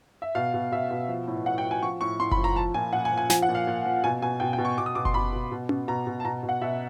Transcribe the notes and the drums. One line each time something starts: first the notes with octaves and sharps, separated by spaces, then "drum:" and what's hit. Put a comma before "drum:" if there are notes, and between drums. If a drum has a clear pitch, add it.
E5
B2 F5
B2
B2 E5
B2
F3
A2
A2 F#5
G5
F3
G#5
F3 C#6
A2 C#6
A2 C6
B5, drum: kick F#1
F3
A#5
F3 A5
A#2 G#5
A#2 F#5
G#5
F3
G#5
F3 G#5, drum: snare
F#5
A#2
F5
A#2
F3
B2 G#5
B2 G#5
B2 G5
G5
B2
C#6
B2 D6
D#6
B2 D6
C6, drum: kick F#1
B2 B5
B2
B2
B2, drum: tom C#4
B2 A#5
B2
A5
B2 A#5
B2
F#5
B2 E5